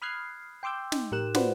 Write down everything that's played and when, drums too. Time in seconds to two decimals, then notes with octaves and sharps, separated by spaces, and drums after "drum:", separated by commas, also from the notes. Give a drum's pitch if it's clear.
0.02 B5 D#6 F6 F#6 G#6 C7
0.63 G5 C6 D6 E6 G6
0.92 D#4, drum: snare
1.12 A2 G4 A#4 F#6 E7
1.35 F4 F#4 B4 C5 D5 F#5, drum: snare